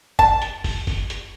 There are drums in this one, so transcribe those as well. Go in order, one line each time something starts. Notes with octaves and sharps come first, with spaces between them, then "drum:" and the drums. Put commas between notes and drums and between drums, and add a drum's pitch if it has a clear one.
A5, drum: kick
drum: hi-hat
drum: kick, open hi-hat
drum: kick, open hi-hat
drum: hi-hat